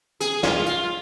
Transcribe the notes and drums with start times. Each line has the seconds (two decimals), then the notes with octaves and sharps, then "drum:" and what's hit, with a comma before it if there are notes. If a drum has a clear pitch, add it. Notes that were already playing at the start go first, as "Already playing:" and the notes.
0.20 G#4, drum: hi-hat
0.43 F4, drum: snare
0.66 F4, drum: hi-hat